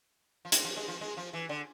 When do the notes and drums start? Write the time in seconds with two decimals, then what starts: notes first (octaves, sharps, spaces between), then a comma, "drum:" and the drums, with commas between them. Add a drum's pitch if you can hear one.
0.45 F3
0.52 G#3, drum: hi-hat
0.64 F3
0.77 G#3
0.88 F3
1.01 G#3
1.17 F3
1.33 E3
1.49 D3